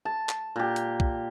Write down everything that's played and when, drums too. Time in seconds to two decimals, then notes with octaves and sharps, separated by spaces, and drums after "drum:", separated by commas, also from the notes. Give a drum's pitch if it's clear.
0.05 A5
0.29 drum: clap
0.56 A#2 G4
0.76 drum: hi-hat
1.00 drum: kick